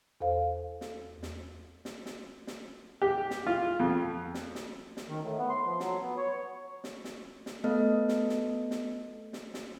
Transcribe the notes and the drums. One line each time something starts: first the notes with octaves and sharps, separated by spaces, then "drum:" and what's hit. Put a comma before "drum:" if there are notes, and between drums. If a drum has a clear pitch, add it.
E2 A4 C5 F5
drum: snare
drum: snare
drum: snare
drum: snare
drum: snare
G4
drum: snare
F4
F2
drum: snare
drum: snare
drum: snare
D#3
A2
B3
C6
F3
F#3, drum: snare
B3
C#5
drum: snare
drum: snare
drum: snare
A3 B3 A4 D#5
drum: snare
drum: snare
drum: snare
drum: snare
drum: snare